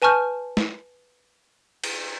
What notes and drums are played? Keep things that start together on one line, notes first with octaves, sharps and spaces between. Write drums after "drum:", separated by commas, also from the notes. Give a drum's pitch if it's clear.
B4 G#5 A5 C#6 F6 G6
drum: snare
drum: cymbal